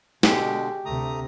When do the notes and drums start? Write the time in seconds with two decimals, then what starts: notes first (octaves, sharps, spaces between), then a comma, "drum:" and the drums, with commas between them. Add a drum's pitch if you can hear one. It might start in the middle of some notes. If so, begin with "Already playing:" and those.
0.23 B2 D3 G#3 G4, drum: snare
0.86 D2 C3 A3 A#5 D#6